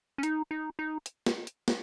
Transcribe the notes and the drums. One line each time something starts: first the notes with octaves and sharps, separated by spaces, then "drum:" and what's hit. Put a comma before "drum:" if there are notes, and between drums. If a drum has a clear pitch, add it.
C#4
D#4, drum: hi-hat
D#4
D#4
drum: hi-hat
drum: snare
drum: hi-hat
drum: snare